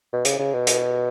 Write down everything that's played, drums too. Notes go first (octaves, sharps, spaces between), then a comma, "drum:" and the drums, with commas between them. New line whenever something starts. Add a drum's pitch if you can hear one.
B2
C#3, drum: hi-hat
C#3
B2
drum: hi-hat